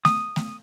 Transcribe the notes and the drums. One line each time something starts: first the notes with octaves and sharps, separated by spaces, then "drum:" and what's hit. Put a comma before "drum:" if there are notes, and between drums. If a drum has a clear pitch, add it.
D#6, drum: snare A3
drum: snare A3